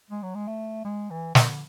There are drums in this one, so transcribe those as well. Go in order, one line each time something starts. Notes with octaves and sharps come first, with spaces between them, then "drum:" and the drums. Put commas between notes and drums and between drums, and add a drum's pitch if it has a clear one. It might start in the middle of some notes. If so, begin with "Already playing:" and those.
G#3
F#3
G#3
A3
G#3
E3
D3, drum: snare